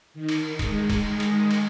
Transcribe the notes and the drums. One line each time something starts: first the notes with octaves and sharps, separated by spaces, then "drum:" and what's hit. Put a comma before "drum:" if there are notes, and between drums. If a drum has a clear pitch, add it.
D#3
drum: cymbal
G#3, drum: kick, cymbal
drum: kick, cymbal
drum: cymbal
drum: cymbal